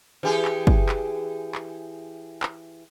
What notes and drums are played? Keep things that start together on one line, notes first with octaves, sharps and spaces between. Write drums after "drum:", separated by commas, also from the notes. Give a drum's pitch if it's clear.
E3 G4 G#4
drum: clap
drum: kick
drum: clap
drum: clap
drum: clap